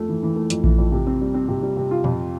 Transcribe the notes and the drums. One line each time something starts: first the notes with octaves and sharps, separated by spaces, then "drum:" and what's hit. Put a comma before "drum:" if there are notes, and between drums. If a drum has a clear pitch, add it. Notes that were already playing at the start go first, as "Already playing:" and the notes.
Already playing: F2 A3
E3
E3
A3
F2, drum: hi-hat
E3, drum: kick A#1
F2
C3
C4
G3
C4
C3
G3
C3
F4
F2, drum: tom A#2